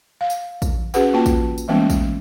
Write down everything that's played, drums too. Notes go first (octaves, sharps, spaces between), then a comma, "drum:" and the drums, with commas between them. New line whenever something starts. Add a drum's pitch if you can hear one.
F5
drum: tambourine
drum: kick, tambourine
C#4 F#4 G#4 B4 F#5, drum: tambourine
A#3 F4 G5 A5
drum: kick, tambourine
drum: tambourine
E3 G3 G#3 A#3 B3 C#4
drum: kick, tambourine